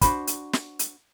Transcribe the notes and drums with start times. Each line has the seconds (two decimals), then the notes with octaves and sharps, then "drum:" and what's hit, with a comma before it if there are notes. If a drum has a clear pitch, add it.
0.01 D4 F#4 C5 B5, drum: kick, hi-hat
0.27 drum: hi-hat
0.53 drum: snare
0.79 drum: hi-hat